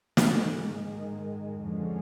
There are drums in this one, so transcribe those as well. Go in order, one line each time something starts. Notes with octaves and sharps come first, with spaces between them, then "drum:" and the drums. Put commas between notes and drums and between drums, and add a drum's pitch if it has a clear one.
G#2 D#3 G#3, drum: snare
F2 D3 F3 G#3 C#4